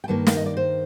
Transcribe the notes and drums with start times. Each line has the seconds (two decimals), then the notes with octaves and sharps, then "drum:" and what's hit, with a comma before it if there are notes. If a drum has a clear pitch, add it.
0.04 G5
0.08 G2 D#3 A#3 A5
0.27 F5, drum: snare
0.36 D#5
0.46 D5
0.57 C5